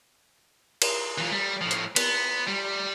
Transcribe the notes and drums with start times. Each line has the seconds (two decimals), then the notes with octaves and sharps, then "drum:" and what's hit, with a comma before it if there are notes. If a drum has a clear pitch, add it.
0.82 drum: cymbal
1.18 E3 F4
1.32 G3
1.61 A2 F3
1.71 drum: hi-hat
1.96 B3, drum: cymbal
2.47 G3